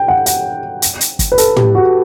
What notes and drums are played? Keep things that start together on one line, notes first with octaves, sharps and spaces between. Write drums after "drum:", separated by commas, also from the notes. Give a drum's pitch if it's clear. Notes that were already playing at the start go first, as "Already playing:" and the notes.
Already playing: G5
F#5
F#5, drum: hi-hat
drum: hi-hat
drum: hi-hat
drum: kick, hi-hat
B4
A4, drum: hi-hat
G4, drum: tom
F#4